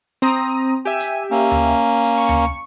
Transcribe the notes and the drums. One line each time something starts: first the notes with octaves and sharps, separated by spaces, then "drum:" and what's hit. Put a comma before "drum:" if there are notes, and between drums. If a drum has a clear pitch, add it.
C4 A#5 D#6
G4 E5 G#5
drum: hi-hat
A#3 C#4
drum: tom D2
drum: hi-hat
C#6
drum: tom D2